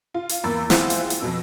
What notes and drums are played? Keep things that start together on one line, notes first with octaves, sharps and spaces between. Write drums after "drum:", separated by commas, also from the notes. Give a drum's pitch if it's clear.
F4
drum: hi-hat
E2 A#3 B5 E6 A6
C4 E4 F4 G#4 C5 F#5, drum: snare
drum: hi-hat
drum: hi-hat
F2 B2 E6